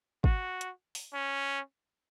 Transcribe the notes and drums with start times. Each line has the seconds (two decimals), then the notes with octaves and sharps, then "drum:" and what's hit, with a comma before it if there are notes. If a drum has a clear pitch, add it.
0.24 F#4, drum: kick
0.61 drum: hi-hat
0.95 drum: open hi-hat
1.13 C#4